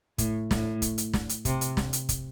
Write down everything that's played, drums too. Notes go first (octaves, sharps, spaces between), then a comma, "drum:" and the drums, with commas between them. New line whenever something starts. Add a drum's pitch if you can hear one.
A2, drum: kick, hi-hat
A2, drum: snare
drum: kick, hi-hat
drum: hi-hat
drum: snare
drum: hi-hat
C3, drum: kick, hi-hat
drum: hi-hat
drum: snare
drum: hi-hat
drum: kick, hi-hat